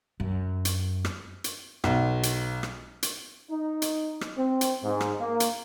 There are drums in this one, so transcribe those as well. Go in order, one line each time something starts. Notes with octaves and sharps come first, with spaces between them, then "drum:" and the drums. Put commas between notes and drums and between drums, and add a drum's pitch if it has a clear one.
F#2
drum: hi-hat
drum: rim click
drum: hi-hat
B1, drum: rim click
drum: hi-hat
drum: rim click
drum: hi-hat
D#4
drum: hi-hat
drum: rim click
C4
drum: hi-hat
G#2
drum: rim click
A#3
drum: hi-hat